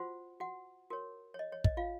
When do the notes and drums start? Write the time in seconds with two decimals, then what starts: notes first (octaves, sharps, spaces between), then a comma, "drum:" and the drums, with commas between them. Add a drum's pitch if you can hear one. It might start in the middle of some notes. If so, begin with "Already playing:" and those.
Already playing: F4 F#4 C5 F#5
0.40 F#4 F#5
0.90 F#4 A#4 C#5
1.34 C#5
1.39 D#5
1.52 C#5
1.64 D#5, drum: kick
1.77 F4 F5